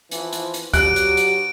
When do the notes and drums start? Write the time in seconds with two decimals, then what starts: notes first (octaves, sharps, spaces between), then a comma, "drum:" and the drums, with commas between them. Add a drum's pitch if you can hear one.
0.11 E3 F3, drum: hi-hat
0.33 drum: hi-hat
0.54 drum: hi-hat
0.74 G2 F#3 G4 F#6 D7, drum: kick C2, hi-hat
0.96 drum: hi-hat
1.17 drum: hi-hat